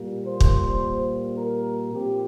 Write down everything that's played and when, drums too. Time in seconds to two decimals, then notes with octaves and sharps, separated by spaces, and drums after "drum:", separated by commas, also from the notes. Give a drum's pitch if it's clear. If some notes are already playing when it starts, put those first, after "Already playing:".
Already playing: A#2 G3 A#3
0.25 C5
0.40 drum: kick
1.37 A#4
1.92 A#2 F3 C4 G4